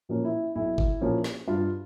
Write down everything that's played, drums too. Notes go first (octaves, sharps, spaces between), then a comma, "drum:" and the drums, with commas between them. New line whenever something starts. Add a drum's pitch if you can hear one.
A#2 F3 A#3 C#4
E4
B1 E4
drum: kick G1
A#2 F3 A#3 C#4
drum: snare
G2 F4